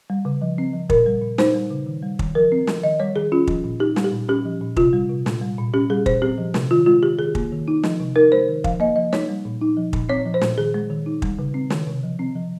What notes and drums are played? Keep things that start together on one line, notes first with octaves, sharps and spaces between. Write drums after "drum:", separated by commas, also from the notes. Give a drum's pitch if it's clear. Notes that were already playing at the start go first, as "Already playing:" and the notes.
G3
C#3
F3
C4
F3
A#2 A#4, drum: kick
G3
A#2
D#4 C5, drum: snare
G3
C#3
D#3
G3
D#3, drum: kick
F3 A#4
C4
F3, drum: snare
D#3 D#5
G3 C#5
D#3 G#4
C#4 F4
F3, drum: kick
A#2
D#4 G4
G3, drum: snare
G4
A#2
C#4 G4
F3
A#2
C3 F4, drum: kick
G3
C3
A#2, drum: snare
G3
A#2
C#4 G4
G3 G#4
A#2 C5, drum: kick
C4 G4
F3
C3, drum: snare
D#3 F4
G#3 F4
D#3 G4
D#3 G#4
A#3, drum: kick
D#3
D#4
F3, drum: snare
C3
D#4 A#4
G#3 C5
D#3
F3 F5, drum: kick
A#3 D#5
F3 D#5
D#4 C#5, drum: snare
G3
A#2
D#4
F3
A#2, drum: kick
C4 C#5
F3
C5
A#2, drum: snare
D#3 G#4
G#3
D#3
D#4
G3, drum: kick
C#3
C4
D#3, drum: snare
C3
F3
C4
F3